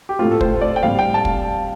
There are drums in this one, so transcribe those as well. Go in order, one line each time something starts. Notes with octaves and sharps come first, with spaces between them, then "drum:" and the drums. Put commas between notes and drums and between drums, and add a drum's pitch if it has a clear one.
G4
A2 A3 C4 F4
A4
C5, drum: kick
D5
G5
A2 G3 C4 F5
G5
A5
drum: kick